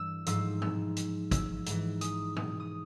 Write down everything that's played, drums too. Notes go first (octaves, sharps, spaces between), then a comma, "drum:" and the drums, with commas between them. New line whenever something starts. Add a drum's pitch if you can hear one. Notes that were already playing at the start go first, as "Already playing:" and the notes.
Already playing: G2 E3 E6
G#2 F3 E6, drum: hi-hat
E6, drum: tom A2
drum: hi-hat
E6, drum: kick, hi-hat
G#2 E3, drum: hi-hat
D#6, drum: hi-hat
D#6, drum: tom A2
D#6